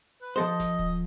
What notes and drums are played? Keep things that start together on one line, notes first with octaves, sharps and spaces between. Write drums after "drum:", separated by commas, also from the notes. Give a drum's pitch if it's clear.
B4
F3 A4 C5 D#5
drum: snare F#1
drum: kick D1, hi-hat